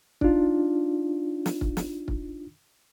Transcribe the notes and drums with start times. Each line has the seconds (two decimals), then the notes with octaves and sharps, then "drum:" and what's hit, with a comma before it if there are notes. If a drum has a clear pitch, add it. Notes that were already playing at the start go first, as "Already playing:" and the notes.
0.21 D4 D#4 F4, drum: kick
1.46 drum: snare
1.61 drum: kick
1.77 drum: snare
2.08 drum: kick